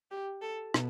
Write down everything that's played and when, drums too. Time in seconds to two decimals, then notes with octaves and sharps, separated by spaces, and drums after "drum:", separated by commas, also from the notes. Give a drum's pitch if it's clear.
0.11 G4
0.42 A4
0.74 B2, drum: rim click